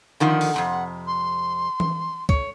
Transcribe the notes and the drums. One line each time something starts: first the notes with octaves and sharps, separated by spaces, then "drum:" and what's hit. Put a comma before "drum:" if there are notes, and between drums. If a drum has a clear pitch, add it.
D3 D#3 F3 F#5
drum: open hi-hat
F2 G#2 C3
C6
drum: tom E3
C#5, drum: kick C#2